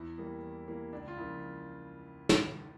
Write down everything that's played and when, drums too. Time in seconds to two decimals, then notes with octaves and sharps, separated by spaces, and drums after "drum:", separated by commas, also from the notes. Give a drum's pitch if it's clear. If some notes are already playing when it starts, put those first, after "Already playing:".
Already playing: E2 E4
0.18 E3 G3 A#3
0.43 E2
0.67 E3 G3 A#3
0.93 C#2 D4
1.08 F4
1.17 C#3 F3 A#3 E4
2.29 drum: snare